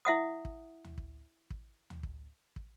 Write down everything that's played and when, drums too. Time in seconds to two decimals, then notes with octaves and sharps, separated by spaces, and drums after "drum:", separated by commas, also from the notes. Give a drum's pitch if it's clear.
0.05 E4 E5 F#5 D#6
0.45 drum: kick
0.84 drum: tom D2
0.98 drum: kick
1.50 drum: kick
1.90 drum: tom D2
2.03 drum: kick
2.56 drum: kick